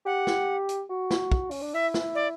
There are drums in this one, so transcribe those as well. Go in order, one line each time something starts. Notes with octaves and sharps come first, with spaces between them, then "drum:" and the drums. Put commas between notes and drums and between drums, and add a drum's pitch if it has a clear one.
G4 F#5
drum: snare
drum: hi-hat
F#4
drum: snare
drum: kick
C#4, drum: open hi-hat
D4
E4 E5
drum: snare
D5